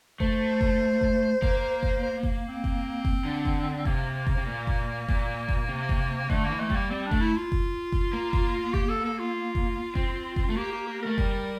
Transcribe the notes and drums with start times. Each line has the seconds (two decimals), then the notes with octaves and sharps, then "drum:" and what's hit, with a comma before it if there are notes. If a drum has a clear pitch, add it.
0.20 A3 C5, drum: kick F#1
0.61 drum: kick F#1
1.01 drum: kick F#1
1.42 A#3, drum: kick F#1
1.83 drum: kick F#1
2.03 C5
2.23 drum: kick F#1
2.48 C4
2.64 drum: kick F#1
3.05 drum: kick F#1
3.25 D3
3.45 drum: kick F#1
3.85 C3 A#3, drum: kick F#1
4.27 drum: kick F#1
4.37 C3
4.46 A#2
4.67 drum: kick F#1
5.08 A#2, drum: kick F#1
5.49 drum: kick F#1
5.68 C3
5.89 drum: kick F#1
6.30 D3 A3, drum: kick F#1
6.45 E3 A#3
6.60 A3
6.70 G3, drum: kick F#1
6.75 A#3
6.90 G3 C4
7.06 D4
7.11 A3, drum: kick F#1
7.21 E4
7.36 F4
7.52 drum: kick F#1
7.92 drum: kick F#1
8.13 A#3
8.33 drum: kick F#1
8.74 G4, drum: kick F#1
8.89 A4
9.05 A4
9.19 F4
9.55 drum: kick F#1
9.95 C4, drum: kick F#1
10.36 drum: kick F#1
10.50 A3
10.57 A#3 G4
10.72 G4
10.87 G4
11.02 A3 A#4
11.18 G3, drum: kick F#1